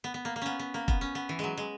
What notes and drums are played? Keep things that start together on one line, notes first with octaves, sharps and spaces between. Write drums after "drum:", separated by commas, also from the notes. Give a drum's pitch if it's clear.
B3
B3
A#3
A#3
B3 C#4
B3
A#3
B3, drum: kick F1
C#4
B3
E3
F#3 G#3
G#3